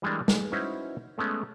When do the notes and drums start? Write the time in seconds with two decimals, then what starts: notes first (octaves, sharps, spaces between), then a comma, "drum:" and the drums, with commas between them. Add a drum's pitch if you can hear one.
0.02 E3 G3 G#3 A#3 D4
0.28 G#4 B4, drum: snare
0.52 C#4 D#4 E4 F#4 B4 C5
1.18 G#3 A3 B3 C#4